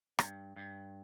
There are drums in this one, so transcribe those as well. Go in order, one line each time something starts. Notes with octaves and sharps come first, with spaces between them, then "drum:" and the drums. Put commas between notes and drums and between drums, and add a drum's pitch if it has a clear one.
G2, drum: rim click
G2